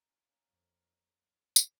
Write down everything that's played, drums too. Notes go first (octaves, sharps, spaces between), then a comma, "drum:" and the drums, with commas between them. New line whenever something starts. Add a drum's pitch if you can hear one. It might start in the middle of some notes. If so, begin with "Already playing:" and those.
Already playing: D#4
C#4 F4
A#3 C#4
F2 C#4 F4
drum: tambourine